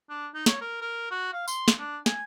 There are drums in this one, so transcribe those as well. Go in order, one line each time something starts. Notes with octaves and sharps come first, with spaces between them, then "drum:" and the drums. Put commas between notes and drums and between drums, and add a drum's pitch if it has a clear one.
D4
D#4
C#5, drum: snare
A#4
A#4
F#4
F5
C6, drum: tambourine
drum: snare
D4
G#5, drum: snare